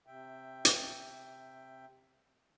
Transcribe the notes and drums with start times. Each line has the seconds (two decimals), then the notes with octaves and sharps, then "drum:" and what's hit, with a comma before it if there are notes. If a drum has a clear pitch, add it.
0.07 C3 E5 G5
0.65 drum: hi-hat